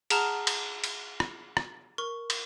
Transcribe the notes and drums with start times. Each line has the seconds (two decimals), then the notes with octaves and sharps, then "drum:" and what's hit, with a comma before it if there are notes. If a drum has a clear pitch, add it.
0.10 G#4 F#5 A5 A#5 F6 E7, drum: cymbal
0.47 drum: cymbal
0.84 drum: cymbal
1.20 drum: rim click
1.57 drum: rim click
1.98 A#4 C#6
2.30 drum: cymbal